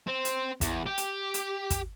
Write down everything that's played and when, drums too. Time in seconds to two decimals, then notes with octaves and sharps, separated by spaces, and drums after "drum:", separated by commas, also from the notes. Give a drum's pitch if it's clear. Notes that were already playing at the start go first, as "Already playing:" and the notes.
0.07 C4
0.25 drum: hi-hat
0.61 E2, drum: kick, hi-hat
0.86 G4
0.98 drum: hi-hat
1.34 drum: hi-hat
1.70 drum: kick, hi-hat